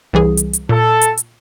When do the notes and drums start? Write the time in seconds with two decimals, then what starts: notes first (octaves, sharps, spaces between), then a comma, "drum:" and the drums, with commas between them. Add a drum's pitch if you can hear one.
0.13 C2 E3 G#4
0.37 drum: hi-hat
0.53 drum: hi-hat
0.69 A#2 A4
1.01 drum: hi-hat
1.17 drum: hi-hat